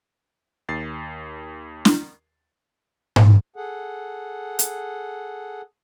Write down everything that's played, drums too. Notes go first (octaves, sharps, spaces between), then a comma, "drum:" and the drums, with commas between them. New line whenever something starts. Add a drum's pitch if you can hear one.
D#2 A6 C7
drum: snare
drum: tom G#2
G#4 A4 F#5
drum: hi-hat